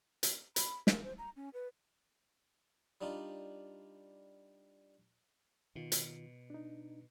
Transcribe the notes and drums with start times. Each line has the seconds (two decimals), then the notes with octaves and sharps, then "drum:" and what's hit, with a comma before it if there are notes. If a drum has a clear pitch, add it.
0.23 drum: hi-hat
0.56 B5, drum: hi-hat
0.87 A#4, drum: snare
1.04 C5
1.18 A#5
1.36 C#4
1.54 B4
3.01 G3 D4 D#4 F4
5.75 B2 D#3 F4
5.92 drum: hi-hat
6.50 D4 D#4